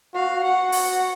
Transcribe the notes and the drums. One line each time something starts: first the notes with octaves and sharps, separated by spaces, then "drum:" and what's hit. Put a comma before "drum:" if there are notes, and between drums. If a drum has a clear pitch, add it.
F#4 F5
F#4 F#5
F#5, drum: open hi-hat